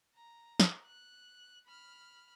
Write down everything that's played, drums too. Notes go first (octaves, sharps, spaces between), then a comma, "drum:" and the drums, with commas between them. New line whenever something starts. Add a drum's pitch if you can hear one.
A#5
drum: snare
F#6
B5 F6